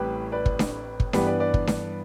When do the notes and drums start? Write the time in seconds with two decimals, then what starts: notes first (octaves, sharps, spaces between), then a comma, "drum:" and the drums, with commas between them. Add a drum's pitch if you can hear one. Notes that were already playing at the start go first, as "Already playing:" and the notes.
Already playing: A1 A2 G3 C4 E4 G4 B4
0.32 B4 D5
0.46 drum: kick
0.59 drum: snare D4
1.00 drum: kick
1.13 G2 E3 B3 D4 G4 B4, drum: snare D4
1.27 B4 D5
1.40 B4 D5
1.54 drum: kick
1.67 drum: snare D4